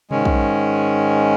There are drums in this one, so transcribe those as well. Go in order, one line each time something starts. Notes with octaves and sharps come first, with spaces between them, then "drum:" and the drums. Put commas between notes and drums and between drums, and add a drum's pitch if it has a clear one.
G#2 D#3 G#3 C#4, drum: tom C3
drum: kick